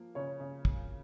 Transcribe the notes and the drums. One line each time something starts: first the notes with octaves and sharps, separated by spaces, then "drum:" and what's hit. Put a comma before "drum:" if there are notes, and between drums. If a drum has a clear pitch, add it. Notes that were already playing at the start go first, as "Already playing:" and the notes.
Already playing: F3 A#3
C#3 C#5
C#3
drum: kick